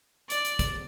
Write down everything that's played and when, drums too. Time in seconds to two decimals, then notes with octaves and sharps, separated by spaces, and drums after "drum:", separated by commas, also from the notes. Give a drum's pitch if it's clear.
0.30 D5, drum: hi-hat
0.45 drum: hi-hat
0.59 drum: kick, hi-hat